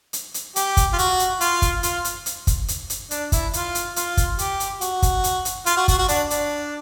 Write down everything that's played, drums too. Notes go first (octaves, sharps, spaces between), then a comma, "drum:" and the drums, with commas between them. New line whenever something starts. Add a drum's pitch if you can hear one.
drum: hi-hat
drum: hi-hat
G4, drum: hi-hat
drum: kick, hi-hat
F4
F#4, drum: hi-hat
drum: hi-hat
F4, drum: hi-hat
drum: kick, hi-hat
F4, drum: hi-hat
drum: hi-hat
drum: hi-hat
drum: kick, hi-hat
drum: hi-hat
drum: hi-hat
D4, drum: hi-hat
E4, drum: kick, hi-hat
F4, drum: hi-hat
drum: hi-hat
F4, drum: hi-hat
drum: kick, hi-hat
G4, drum: hi-hat
drum: hi-hat
F#4, drum: hi-hat
drum: kick, hi-hat
drum: hi-hat
drum: hi-hat
F4, drum: hi-hat
F#4
F#4, drum: kick, hi-hat
F#4
D4, drum: hi-hat
D4, drum: hi-hat